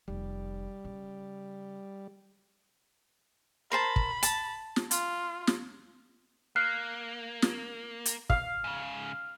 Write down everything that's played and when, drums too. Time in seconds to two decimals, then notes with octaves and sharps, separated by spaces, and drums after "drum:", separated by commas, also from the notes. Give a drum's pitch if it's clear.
0.08 F1 G3
0.85 C#3
3.72 A#4 C5 A5 B5
3.96 drum: kick
4.23 A5, drum: hi-hat
4.76 drum: snare
4.91 F4, drum: hi-hat
5.47 drum: snare
6.56 A#3 F6 F#6 C7
7.42 drum: snare
8.06 drum: hi-hat
8.30 F5, drum: kick
8.64 G#2 C#3